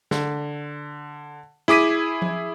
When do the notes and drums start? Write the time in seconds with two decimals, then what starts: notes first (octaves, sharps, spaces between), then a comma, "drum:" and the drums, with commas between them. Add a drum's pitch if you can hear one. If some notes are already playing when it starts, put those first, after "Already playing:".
0.11 D3, drum: snare
1.68 E4 G#4 D6 B6 D#7, drum: snare
2.22 drum: tom F3